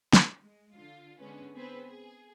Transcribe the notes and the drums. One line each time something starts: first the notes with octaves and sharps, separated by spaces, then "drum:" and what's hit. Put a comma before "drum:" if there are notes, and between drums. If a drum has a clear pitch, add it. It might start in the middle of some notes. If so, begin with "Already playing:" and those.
drum: snare
G#3
D3 F4
D3 G#3 B3 C#4 B4
B3 C4 G#4 B4 C5
G#4